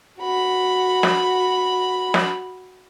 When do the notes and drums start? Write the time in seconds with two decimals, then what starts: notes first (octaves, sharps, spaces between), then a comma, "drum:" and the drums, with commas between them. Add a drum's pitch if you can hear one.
0.20 F#4 B5
1.03 drum: snare
2.14 drum: snare